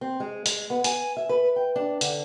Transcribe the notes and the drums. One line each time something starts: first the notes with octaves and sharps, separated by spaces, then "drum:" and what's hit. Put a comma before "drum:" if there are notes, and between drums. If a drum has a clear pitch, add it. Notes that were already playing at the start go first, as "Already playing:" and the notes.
C4
G#3
G#3, drum: hi-hat
B3
G#5, drum: hi-hat
E5
B4
G5
D4
D3, drum: hi-hat